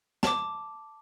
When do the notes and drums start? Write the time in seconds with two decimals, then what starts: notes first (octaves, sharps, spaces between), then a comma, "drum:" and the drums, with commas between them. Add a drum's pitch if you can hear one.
0.23 A5 D6, drum: snare